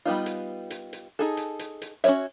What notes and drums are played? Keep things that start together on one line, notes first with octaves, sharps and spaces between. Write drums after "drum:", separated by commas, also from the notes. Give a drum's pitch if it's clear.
G3 B3 D#4 F4
drum: hi-hat
drum: hi-hat
drum: hi-hat
D#4 G#4 A4
drum: hi-hat
drum: hi-hat
drum: hi-hat
C#4 F#4 B4 C#5 E5, drum: hi-hat